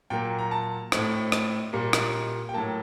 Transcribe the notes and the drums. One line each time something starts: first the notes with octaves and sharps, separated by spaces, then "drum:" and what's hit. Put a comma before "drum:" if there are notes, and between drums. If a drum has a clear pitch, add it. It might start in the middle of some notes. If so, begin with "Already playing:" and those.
A#2 F#3 A#3 G5
A#5
A5
A2 A3 C4, drum: rim click
drum: rim click
A#2 G3 A#3
drum: rim click
G5
A2 F#3 A#3 A5